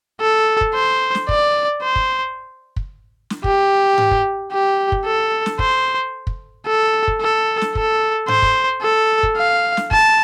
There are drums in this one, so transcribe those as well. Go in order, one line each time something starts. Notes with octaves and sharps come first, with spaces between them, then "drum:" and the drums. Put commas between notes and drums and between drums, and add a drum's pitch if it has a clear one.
A4
drum: kick
C5
drum: snare
D5, drum: kick
C5
drum: kick
drum: kick
drum: snare
G4, drum: kick
drum: tom G#2
drum: kick
G4
drum: kick
A4
drum: snare
C5, drum: kick
drum: kick
A4
drum: kick
A4
drum: snare
A4, drum: kick
C5, drum: tom G#2
drum: kick
A4
drum: kick
F5
drum: snare
A5, drum: kick